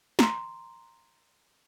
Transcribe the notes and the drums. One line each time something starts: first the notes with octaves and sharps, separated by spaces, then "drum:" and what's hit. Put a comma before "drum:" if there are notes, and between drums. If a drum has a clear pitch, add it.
A#5 C6, drum: snare